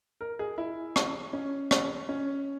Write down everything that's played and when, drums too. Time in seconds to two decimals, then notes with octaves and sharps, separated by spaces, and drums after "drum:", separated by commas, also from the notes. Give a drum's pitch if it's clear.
0.21 A#4
0.39 G#4
0.58 E4
0.96 drum: rim click
1.33 C#4
1.71 drum: rim click
2.09 C#4